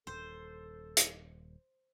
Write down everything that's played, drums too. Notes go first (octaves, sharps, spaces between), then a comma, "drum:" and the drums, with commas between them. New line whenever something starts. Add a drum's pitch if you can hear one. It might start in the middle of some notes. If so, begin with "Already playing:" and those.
D#1 A4 C5
drum: hi-hat